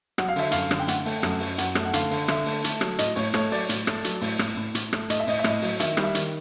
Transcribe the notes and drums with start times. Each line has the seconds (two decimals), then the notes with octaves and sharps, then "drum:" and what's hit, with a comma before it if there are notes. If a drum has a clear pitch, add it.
0.18 F#3 F#5, drum: rim click
0.28 F5
0.36 D3 E5, drum: open hi-hat
0.51 F#2 F5, drum: hi-hat
0.71 D3, drum: rim click
0.80 G5
0.88 A3 F#5, drum: hi-hat
1.05 A3, drum: open hi-hat
1.23 F#2, drum: rim click
1.40 F#3, drum: open hi-hat
1.58 F#2 F#5, drum: hi-hat
1.75 A3, drum: rim click
1.85 F#5
1.93 D3 F5, drum: hi-hat
2.11 D3, drum: open hi-hat
2.28 D3 E5, drum: rim click
2.46 A3, drum: open hi-hat
2.64 A3, drum: hi-hat
2.81 F#3, drum: rim click
2.99 A2 D#5, drum: hi-hat
3.16 A2 C#5, drum: open hi-hat
3.34 A3 C#5, drum: rim click
3.52 F#3 D5, drum: open hi-hat
3.69 A2, drum: hi-hat
3.87 A3, drum: rim click
4.04 F#3, drum: hi-hat
4.21 A2, drum: open hi-hat
4.39 A2, drum: rim click
4.57 A2
4.75 A2, drum: hi-hat
4.93 A3, drum: rim click
5.10 A2 D#5, drum: hi-hat
5.20 E5
5.27 A2 D#5, drum: open hi-hat
5.39 E5
5.44 A2 D#5, drum: rim click
5.62 F#3, drum: open hi-hat
5.80 D#3 E5, drum: hi-hat
5.97 G3, drum: rim click
6.03 E5
6.15 D#3, drum: hi-hat